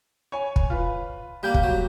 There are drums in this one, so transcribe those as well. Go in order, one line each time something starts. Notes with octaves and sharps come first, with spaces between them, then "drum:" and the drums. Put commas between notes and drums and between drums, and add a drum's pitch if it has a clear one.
C#5 G#5
drum: kick
F4 B4
G3 A#3 G4 G6
drum: kick
F#3